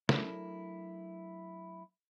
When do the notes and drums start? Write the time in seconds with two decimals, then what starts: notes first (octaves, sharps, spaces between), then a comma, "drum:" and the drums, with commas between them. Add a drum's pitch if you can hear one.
0.09 F#3 A3 D4 E4 A4 A#4, drum: snare